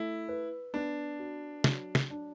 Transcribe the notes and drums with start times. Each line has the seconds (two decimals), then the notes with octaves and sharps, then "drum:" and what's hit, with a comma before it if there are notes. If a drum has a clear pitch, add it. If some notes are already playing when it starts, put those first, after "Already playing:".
Already playing: A3 E4
0.29 B4
0.74 B3 D4
1.19 F#4
1.64 F#3, drum: snare
1.95 drum: snare
2.10 D4